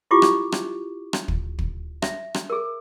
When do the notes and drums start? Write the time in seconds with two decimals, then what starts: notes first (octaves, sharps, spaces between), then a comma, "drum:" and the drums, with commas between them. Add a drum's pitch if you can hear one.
0.11 E4 F4 G4 C#6 D6
0.22 drum: rim click
0.52 drum: rim click
1.13 drum: rim click
1.28 drum: kick
1.59 drum: kick
2.02 E5, drum: rim click
2.34 drum: rim click
2.50 G#4 A#4